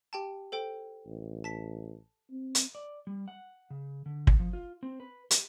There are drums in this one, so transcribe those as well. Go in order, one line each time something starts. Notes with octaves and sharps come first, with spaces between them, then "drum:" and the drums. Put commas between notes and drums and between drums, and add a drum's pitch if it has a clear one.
G4 G5 A5
A4 C5 G5
A1
A5 B6
C4
drum: hi-hat
D5
G3
F#5
C#3
D3
drum: kick
F3
F4
C4
B4
G4, drum: hi-hat